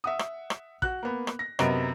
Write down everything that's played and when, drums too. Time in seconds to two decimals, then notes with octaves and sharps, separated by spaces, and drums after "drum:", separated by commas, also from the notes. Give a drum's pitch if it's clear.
0.04 E5 F#5 D#6
0.19 drum: rim click
0.50 drum: rim click
0.82 F#4 F#6, drum: kick
1.03 A#3 B3
1.27 drum: rim click
1.39 A#6
1.59 F#2 C3 B3 A#4 D#5 D7, drum: rim click